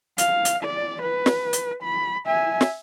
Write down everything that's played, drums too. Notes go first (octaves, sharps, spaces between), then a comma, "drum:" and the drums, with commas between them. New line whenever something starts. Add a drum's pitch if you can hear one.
F5, drum: hi-hat
drum: hi-hat
D5
B4
drum: snare
drum: hi-hat
B5
E5 G#5
drum: snare